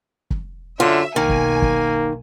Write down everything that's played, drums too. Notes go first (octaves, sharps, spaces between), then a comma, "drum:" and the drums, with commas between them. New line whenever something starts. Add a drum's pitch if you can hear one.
drum: kick
F#2 D3 F4 E5
B1 D#3 A#3 G#5
drum: kick
drum: kick